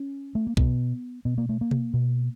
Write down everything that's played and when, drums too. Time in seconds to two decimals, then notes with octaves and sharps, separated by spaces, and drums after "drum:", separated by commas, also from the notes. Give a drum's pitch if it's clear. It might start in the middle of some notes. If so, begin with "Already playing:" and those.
Already playing: C#4
0.35 A3
0.47 A#3
0.57 B2 B3, drum: kick B1
1.25 B2 B3
1.38 A#3
1.49 A3
1.61 A#3
1.71 drum: tom B2
1.94 B2